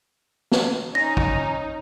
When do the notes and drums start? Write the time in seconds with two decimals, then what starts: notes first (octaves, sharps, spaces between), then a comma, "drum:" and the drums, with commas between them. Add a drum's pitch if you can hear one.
0.52 drum: snare
0.95 C#4 D#4 A#6
1.17 drum: kick